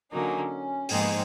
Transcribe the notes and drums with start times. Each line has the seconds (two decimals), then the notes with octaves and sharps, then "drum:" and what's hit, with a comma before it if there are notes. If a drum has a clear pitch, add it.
0.12 D3 F#3 A#3 C#4 D#4
0.89 G#2 F3 A#3 C4 D#4 G#4, drum: open hi-hat
0.99 B3
1.09 C4